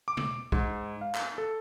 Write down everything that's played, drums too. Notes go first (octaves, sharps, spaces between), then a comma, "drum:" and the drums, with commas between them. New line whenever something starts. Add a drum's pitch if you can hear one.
D6
drum: tom
G#2, drum: kick
F5
drum: clap
A4